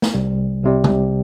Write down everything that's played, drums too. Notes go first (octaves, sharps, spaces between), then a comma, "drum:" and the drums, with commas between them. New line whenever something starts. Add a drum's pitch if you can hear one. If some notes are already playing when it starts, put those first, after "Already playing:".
drum: snare
C2 C3 G3
C2 C3 G3
drum: tom C3